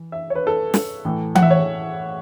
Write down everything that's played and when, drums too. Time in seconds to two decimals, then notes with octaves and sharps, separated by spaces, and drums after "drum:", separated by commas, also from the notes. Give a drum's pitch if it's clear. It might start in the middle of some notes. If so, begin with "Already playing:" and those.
Already playing: E3
0.12 E5
0.30 C#5
0.35 B4
0.47 A4
0.74 drum: snare
1.05 A2 E3
1.35 F#5, drum: tom E3
1.42 E5
1.51 C#5